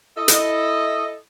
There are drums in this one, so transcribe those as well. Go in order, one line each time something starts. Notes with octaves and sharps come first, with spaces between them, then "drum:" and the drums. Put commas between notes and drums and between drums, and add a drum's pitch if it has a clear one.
E4 A4 D#5
drum: hi-hat